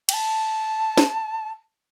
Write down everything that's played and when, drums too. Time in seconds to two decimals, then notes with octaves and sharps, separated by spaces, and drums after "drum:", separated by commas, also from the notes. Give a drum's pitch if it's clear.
0.09 G5, drum: cymbal
0.13 A5
0.98 drum: snare